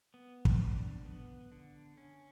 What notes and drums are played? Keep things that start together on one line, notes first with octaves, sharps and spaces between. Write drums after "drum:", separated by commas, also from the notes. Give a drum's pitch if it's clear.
B3
drum: kick
D3
B3
D3
C#4